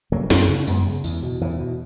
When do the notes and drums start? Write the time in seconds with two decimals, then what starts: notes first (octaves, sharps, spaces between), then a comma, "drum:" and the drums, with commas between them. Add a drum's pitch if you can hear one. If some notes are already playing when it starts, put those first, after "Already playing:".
0.12 C#3 F#3 A#3
0.30 F#2 F#3 A#3, drum: snare
0.49 C#3
0.67 F#2 G#3 B3, drum: tambourine
0.86 C#3
1.04 E2, drum: tambourine
1.23 B2
1.41 E2 E3
1.59 B2